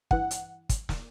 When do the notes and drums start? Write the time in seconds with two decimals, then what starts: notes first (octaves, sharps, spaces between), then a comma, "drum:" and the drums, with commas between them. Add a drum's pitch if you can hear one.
0.11 G2 E3 F#5, drum: kick
0.31 drum: hi-hat
0.69 drum: kick, hi-hat
0.89 drum: snare